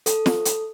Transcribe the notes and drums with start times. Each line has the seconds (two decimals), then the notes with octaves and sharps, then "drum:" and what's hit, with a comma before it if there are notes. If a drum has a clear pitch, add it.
0.06 A4, drum: hi-hat
0.26 drum: snare
0.45 drum: hi-hat